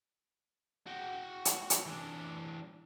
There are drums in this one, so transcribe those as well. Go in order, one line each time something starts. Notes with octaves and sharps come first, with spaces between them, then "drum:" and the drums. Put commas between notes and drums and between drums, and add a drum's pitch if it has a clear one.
F#4 G5
drum: hi-hat
drum: hi-hat
E3 D4